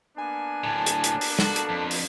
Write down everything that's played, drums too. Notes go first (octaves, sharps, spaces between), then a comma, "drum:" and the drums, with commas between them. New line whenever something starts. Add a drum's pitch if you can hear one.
A#3 B3 D4 G#5
D2 A2 A5
drum: hi-hat
drum: hi-hat
drum: open hi-hat
F#4 A4, drum: snare
drum: hi-hat
F2
drum: open hi-hat